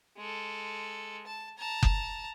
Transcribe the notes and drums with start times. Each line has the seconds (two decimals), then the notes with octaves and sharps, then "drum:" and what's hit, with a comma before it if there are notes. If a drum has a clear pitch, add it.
0.18 G#3 A4
1.26 A5
1.58 A5 A#5
1.83 drum: kick F#1